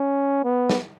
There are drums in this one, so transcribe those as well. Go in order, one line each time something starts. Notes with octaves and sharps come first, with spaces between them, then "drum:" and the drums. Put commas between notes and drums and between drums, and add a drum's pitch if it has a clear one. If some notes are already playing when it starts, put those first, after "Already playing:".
Already playing: C#4
B3
drum: snare